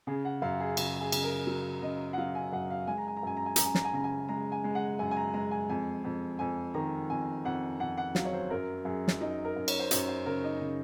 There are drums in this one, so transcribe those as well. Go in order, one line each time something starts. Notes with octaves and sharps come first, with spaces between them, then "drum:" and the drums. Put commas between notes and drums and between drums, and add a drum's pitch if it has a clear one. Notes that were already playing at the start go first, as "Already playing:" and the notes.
C#3 G#4
F#5
F#2 F5
G#4
C#3 F#4, drum: cymbal
G#4
C#3, drum: cymbal
A#4
F#3
C#3 D#5
F#5
F#3 F5
G#5
F#2 F#5
F5
G#3 G#5
A#5
G#5
A#5
F#2 G#5
A#5
G#5
F#2 A#5, drum: hi-hat
G#5
A#5, drum: snare
G#5
C#3 A#5
G#5
G#3 A#5
G#5
G#3
F#5
F#2 G#5
G#5
A#5
G#3 A#5
G#5
F2 G#5
F2
F2 G#5
D#3 A#5
F2 G#5
F2 F#5
F2 F#5
F#5
F#3 F5, drum: snare
C#5
C5
F#2 A#4
F#2 G#4
drum: snare
F#3 D#4
A#4
F#2
C#5, drum: cymbal
C5
F#2 C#5, drum: hi-hat
C5
C#3 A#4
D#4
C#3